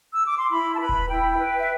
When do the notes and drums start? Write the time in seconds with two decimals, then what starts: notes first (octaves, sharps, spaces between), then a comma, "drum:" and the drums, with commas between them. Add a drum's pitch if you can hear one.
0.13 E6
0.25 D6
0.37 C6
0.50 E4 B5
0.74 A5
0.80 B4 B5
0.89 drum: kick D#1
1.08 E4 G5
1.38 B4
1.60 E5